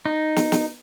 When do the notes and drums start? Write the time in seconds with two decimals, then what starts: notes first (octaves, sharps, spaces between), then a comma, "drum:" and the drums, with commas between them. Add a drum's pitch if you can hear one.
0.06 D#4
0.36 drum: snare
0.52 drum: snare